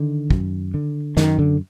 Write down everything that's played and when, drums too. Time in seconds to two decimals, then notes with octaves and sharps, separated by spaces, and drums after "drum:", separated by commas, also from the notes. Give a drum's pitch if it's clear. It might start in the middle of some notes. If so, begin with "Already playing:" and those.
Already playing: D3 D#3
0.30 F#2, drum: kick
0.74 D3
1.17 F#2 D#3, drum: snare
1.39 D3